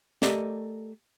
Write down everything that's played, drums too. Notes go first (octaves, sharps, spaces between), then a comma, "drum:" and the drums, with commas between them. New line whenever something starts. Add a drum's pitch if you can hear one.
A3 G4 A4 A#4 D5 D#5, drum: snare